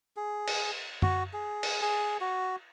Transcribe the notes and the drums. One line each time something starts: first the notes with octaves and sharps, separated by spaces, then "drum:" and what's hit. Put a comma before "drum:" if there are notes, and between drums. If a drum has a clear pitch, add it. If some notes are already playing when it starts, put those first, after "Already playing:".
G#4
drum: cymbal
F#4, drum: tom F#2
G#4
drum: cymbal
G#4
F#4